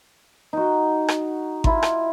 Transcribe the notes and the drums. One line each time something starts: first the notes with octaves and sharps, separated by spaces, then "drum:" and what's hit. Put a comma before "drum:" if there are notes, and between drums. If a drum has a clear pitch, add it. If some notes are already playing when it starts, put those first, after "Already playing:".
D#4 F#4
drum: rim click
E4 F4, drum: kick G#1
drum: rim click